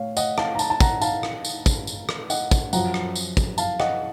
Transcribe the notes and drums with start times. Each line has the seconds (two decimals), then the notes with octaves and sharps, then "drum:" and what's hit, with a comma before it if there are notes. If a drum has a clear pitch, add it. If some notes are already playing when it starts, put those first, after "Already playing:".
Already playing: A2 C#5 F5
0.17 D#5 F#5, drum: tambourine
0.38 F5 A5, drum: rim click
0.55 A#5
0.59 F5 A5, drum: tambourine
0.70 A5
0.80 F#5 A#5, drum: kick, tambourine
1.01 F5 A5, drum: tambourine
1.23 drum: rim click
1.45 drum: tambourine
1.66 drum: kick, tambourine
1.87 drum: tambourine
2.09 drum: rim click
2.30 D#5 F#5, drum: tambourine
2.51 drum: kick, tambourine
2.73 F#2 F3 F#5 A#5, drum: tambourine
2.94 drum: rim click
3.16 drum: tambourine
3.37 drum: kick, tambourine
3.58 F5 A5, drum: tambourine
3.80 D#5 F#5, drum: rim click